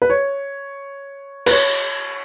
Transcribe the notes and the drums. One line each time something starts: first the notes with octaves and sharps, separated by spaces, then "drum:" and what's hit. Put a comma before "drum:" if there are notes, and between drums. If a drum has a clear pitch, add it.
B4
C#5
B4, drum: cymbal
C#5